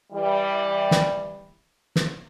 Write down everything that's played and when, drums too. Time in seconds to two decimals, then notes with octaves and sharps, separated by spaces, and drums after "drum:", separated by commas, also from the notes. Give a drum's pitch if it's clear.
0.13 E3 G3
0.91 drum: snare
1.96 drum: snare